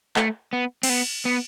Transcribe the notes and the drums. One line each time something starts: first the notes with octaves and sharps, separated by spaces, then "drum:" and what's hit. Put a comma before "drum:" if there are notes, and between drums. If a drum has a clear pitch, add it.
A3, drum: clap
B3
C4, drum: cymbal
B3
B3